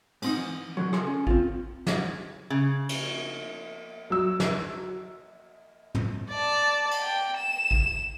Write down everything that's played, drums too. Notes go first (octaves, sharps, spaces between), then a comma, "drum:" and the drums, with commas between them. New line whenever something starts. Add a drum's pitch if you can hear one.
G#2 C4 D#4, drum: cymbal
E3
B2 D3 F#3
C#2 G#4 A4 C6, drum: rim click
C#4
C4 F4, drum: kick A1
drum: snare
C#3
drum: cymbal
F#3 E6
drum: snare
drum: tom
D5 A5
drum: cymbal
G5
E7
drum: kick A1